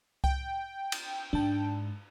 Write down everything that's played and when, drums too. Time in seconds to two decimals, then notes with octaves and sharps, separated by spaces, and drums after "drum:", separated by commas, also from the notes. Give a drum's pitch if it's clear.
0.24 G5, drum: kick C2
0.92 drum: cymbal
1.33 G#2 D4 A5